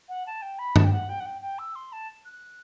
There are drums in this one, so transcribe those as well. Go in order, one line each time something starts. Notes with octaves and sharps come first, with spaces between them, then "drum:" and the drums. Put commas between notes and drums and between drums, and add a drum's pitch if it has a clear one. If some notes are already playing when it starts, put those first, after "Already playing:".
F#5
A5
G5
B5
A5, drum: tom G2
G5
F#5
G5
F#5
G5
G5
E6
C6
A5
F#6